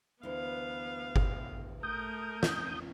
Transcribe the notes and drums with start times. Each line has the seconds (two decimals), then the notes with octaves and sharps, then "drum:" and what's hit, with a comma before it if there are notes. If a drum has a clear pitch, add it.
0.23 D2 E3 B3 F5
1.16 drum: kick G1
1.83 A3 A#4 D#6 G6
2.43 drum: snare